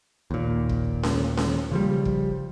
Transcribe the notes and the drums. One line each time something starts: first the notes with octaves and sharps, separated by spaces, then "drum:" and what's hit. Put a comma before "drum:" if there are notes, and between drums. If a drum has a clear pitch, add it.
D#2 A#2
drum: kick
drum: snare C#4
drum: snare C#4
C#3 F3 G3
drum: kick